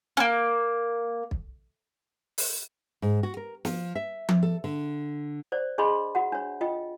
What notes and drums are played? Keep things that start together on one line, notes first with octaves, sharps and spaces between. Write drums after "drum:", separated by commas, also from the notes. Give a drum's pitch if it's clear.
A#3 C#4
drum: kick
drum: open hi-hat
G#2
F#4
A#4
F3, drum: snare
E5
drum: tom F3
A4
D3
C5 D5
D4 G#4 D#5 B5 C6
F#4 F#5
D4 C#5
F4 D#5 G5